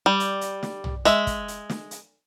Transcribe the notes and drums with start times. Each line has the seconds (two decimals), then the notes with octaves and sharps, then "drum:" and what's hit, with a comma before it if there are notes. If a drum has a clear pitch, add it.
0.06 G3
0.20 drum: hi-hat
0.41 drum: hi-hat
0.63 drum: snare
0.84 drum: tom
1.05 G#3 E5, drum: hi-hat
1.27 drum: kick, hi-hat
1.48 drum: hi-hat
1.70 drum: snare
1.91 drum: hi-hat